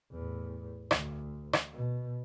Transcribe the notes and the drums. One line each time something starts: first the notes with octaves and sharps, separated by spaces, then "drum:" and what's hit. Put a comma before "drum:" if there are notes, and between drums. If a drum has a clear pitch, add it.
E2 A2
D2, drum: rim click
drum: rim click
B2